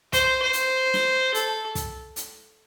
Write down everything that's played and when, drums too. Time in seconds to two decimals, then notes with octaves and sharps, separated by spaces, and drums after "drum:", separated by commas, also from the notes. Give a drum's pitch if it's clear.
0.13 C5, drum: kick, hi-hat
0.42 C5
0.53 drum: hi-hat
0.94 drum: snare
1.35 A4, drum: hi-hat
1.75 drum: kick, hi-hat
2.16 drum: hi-hat